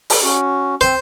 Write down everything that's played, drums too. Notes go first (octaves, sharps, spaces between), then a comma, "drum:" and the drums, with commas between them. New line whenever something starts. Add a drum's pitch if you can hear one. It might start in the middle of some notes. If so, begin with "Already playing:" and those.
drum: open hi-hat
C#4 F#4
C4 C5